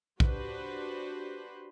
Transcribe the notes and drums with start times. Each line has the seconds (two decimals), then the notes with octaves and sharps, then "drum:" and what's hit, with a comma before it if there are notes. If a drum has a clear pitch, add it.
0.20 D4 F#4 G4 B4 C5, drum: kick A#1